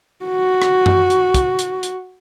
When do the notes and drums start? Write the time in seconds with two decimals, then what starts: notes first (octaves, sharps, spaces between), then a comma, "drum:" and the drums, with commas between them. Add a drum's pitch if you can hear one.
0.25 F#4
0.62 drum: rim click
0.86 drum: tom F#2
1.10 drum: hi-hat
1.34 drum: kick, hi-hat
1.59 drum: hi-hat
1.83 drum: hi-hat